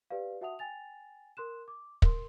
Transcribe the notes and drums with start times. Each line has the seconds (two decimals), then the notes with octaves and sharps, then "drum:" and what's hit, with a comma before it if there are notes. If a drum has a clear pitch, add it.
0.10 G4 B4 D5 F5
0.41 F#4 E5 F#5 A5 D#6 F7
0.59 G5 G#5 A6 F7
1.37 A#4 C6 F#6 E7
1.68 D6
2.02 A#4 C6, drum: kick